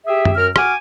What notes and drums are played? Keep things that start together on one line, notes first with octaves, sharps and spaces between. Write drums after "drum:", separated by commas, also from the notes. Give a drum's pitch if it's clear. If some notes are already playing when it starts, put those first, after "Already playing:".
G4 G#4 E5
drum: tom F#2
F#2 A#4 F6
F#4 G#5 D6 F6, drum: rim click